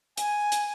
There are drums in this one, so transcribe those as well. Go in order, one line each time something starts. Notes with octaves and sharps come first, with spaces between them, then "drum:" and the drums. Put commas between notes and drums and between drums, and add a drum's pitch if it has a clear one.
G#5, drum: hi-hat
drum: hi-hat